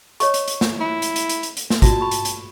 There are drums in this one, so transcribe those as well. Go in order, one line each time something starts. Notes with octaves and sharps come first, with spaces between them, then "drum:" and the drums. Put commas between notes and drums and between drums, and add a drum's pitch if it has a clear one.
C#5 D#5 C#6, drum: hi-hat
drum: hi-hat
drum: hi-hat
drum: snare
E4
drum: hi-hat
drum: hi-hat
drum: hi-hat
drum: hi-hat
drum: hi-hat
drum: snare
F4 F#4 D5 A5, drum: kick, hi-hat
B5 C#6
drum: hi-hat
drum: hi-hat